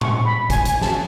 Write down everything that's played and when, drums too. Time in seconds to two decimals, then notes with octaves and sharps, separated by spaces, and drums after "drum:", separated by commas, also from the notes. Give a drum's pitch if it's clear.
0.01 C#6, drum: tom A2
0.25 B5
0.50 G#5, drum: kick, hi-hat
0.65 G#5, drum: hi-hat
0.81 A5, drum: snare